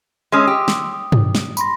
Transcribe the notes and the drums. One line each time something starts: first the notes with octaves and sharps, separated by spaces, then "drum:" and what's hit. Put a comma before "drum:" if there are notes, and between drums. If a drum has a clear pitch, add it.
G#3 C#4 C6 D#6 E6
G4
drum: snare
D#6
drum: tom G2
drum: snare
B5 C6 A#6, drum: tambourine